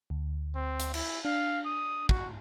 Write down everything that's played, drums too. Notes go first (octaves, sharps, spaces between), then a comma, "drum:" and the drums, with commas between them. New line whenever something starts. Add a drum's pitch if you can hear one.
D2
C4
drum: hi-hat
E4, drum: cymbal
D4 F5
D#6
F#4, drum: kick